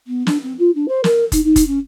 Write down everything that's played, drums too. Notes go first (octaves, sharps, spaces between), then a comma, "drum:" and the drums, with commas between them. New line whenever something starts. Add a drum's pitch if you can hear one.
B3
D4, drum: snare
C4
F4
D4
C5
A#4, drum: snare
D#4, drum: kick F1, hi-hat
D#4
drum: kick F1, hi-hat
C#4